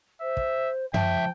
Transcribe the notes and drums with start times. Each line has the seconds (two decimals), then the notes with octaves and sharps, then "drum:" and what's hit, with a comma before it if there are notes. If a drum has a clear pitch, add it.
0.21 C5 E5
0.37 drum: kick
0.94 C#2 F3 E5 G5 A5, drum: tom F#2